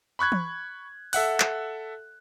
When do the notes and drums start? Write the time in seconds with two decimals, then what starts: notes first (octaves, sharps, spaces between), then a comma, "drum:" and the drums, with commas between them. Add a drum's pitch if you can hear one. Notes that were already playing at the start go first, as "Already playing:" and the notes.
0.19 B5 C#6 F#6 G#6
0.32 drum: tom E3
1.13 A4 E5 F#5 F#6, drum: open hi-hat
1.40 drum: clap